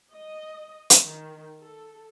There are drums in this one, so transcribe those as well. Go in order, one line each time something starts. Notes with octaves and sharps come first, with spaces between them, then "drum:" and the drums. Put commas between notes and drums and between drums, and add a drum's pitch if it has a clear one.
D#5
drum: hi-hat
D#3
A4